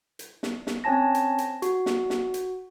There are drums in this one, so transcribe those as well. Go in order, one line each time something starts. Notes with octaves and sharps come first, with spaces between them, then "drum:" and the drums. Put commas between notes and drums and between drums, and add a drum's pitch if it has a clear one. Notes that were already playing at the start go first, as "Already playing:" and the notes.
drum: hi-hat
drum: snare
drum: snare
C4 C#4 C#5 G#5 A5 A#6
drum: hi-hat
drum: hi-hat
F#4, drum: hi-hat
drum: snare
drum: snare
drum: hi-hat